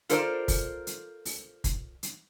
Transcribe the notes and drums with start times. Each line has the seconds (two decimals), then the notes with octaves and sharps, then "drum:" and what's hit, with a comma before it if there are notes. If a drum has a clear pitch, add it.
0.09 F4 A4 A#4 C5 D5, drum: hi-hat
0.48 drum: kick, open hi-hat
0.87 drum: hi-hat
1.25 drum: open hi-hat
1.64 drum: kick, hi-hat
2.03 drum: hi-hat